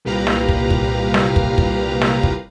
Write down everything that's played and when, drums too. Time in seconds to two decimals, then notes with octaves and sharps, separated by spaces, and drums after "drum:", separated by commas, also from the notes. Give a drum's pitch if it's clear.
0.05 C2 A#2 G4 B4 F5 A#5
0.27 drum: snare
0.49 drum: kick
0.70 drum: kick
1.14 drum: snare
1.36 drum: kick
1.58 drum: kick
2.02 drum: snare
2.23 drum: kick